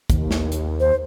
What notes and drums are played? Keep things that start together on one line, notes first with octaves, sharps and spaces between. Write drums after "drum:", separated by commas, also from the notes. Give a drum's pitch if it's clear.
D#2, drum: kick, hi-hat
drum: snare
drum: hi-hat
C5